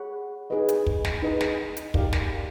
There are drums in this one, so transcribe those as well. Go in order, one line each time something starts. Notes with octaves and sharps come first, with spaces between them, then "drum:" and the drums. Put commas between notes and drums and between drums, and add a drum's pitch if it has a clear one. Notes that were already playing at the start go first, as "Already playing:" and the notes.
Already playing: G#4 C#5 F#5 B5
D#4 G#4 B4 D#5
drum: hi-hat
drum: kick
drum: snare
D#4 G#4 B4 D#5
drum: snare
drum: hi-hat
D#4 G4 A#4 D5 F5, drum: kick
drum: snare